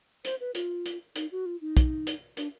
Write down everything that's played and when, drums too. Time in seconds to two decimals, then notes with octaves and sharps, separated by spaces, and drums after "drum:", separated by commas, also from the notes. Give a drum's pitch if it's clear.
0.25 C5, drum: hi-hat
0.41 B4
0.55 F4, drum: hi-hat
0.86 drum: hi-hat
1.16 D#4, drum: hi-hat
1.32 F#4
1.46 F4
1.61 D#4
1.77 drum: kick, hi-hat
2.07 drum: hi-hat
2.37 D4, drum: hi-hat